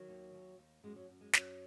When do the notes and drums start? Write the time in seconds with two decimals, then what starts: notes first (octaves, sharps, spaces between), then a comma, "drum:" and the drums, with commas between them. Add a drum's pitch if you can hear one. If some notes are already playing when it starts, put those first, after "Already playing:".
Already playing: D#3 F#3
0.09 D#2
0.34 D#2
0.58 D#2
0.83 F#2 G#3
0.96 F#3
1.08 F#2
1.21 G#3
1.33 F#2 F#3, drum: snare